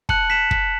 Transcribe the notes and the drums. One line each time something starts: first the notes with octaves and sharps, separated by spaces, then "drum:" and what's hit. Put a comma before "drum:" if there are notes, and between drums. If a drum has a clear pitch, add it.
A5 F#6 C#7 F#7, drum: kick
B6 E7
B6, drum: kick